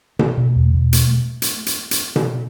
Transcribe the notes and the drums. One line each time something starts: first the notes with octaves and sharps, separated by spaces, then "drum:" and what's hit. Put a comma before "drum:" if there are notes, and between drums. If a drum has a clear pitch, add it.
A3, drum: tom B2
B2
E2
B2
A3, drum: hi-hat
A3
drum: hi-hat
drum: hi-hat
drum: hi-hat
drum: tom B2